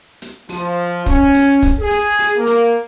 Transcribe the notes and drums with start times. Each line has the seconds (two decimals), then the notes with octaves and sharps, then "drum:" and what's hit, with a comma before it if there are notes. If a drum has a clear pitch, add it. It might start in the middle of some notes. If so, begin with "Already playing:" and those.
0.22 drum: hi-hat
0.49 F3, drum: open hi-hat
1.06 C#4, drum: kick, hi-hat
1.34 drum: hi-hat
1.62 drum: kick, hi-hat
1.79 G#4
1.91 drum: hi-hat
2.19 drum: open hi-hat
2.37 A#3
2.47 drum: hi-hat